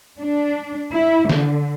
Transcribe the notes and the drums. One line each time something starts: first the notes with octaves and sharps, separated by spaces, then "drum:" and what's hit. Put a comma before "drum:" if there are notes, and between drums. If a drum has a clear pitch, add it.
D4
E4
D3, drum: snare